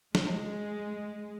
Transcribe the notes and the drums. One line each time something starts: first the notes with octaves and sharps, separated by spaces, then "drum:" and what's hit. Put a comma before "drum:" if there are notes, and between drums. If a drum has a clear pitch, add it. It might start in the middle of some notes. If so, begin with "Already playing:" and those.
G#3, drum: snare